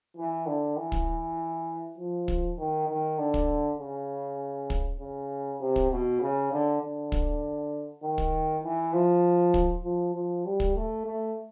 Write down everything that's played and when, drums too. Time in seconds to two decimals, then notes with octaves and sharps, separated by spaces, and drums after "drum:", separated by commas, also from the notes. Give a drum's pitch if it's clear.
0.17 E3
0.47 D3
0.77 E3
0.92 drum: kick
1.98 F3
2.28 drum: kick
2.58 D#3
2.88 D#3
3.19 D3
3.34 drum: kick
3.79 C#3
4.70 drum: kick
5.00 C#3
5.60 C3
5.76 drum: kick
5.91 B2
6.21 C#3
6.52 D3
6.81 D3
7.12 drum: kick
8.03 D#3
8.18 drum: kick
8.63 E3
8.93 F3
9.54 drum: kick
9.84 F3
10.15 F3
10.45 G3
10.60 drum: kick
10.75 A3
11.06 A3